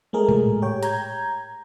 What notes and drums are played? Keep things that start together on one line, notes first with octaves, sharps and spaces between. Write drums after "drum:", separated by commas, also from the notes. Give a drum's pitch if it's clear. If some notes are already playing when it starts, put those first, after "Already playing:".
G#3 A3 G#4 A#4
drum: tom A2
G4 C#5 G5
A#5 G6 G#6, drum: hi-hat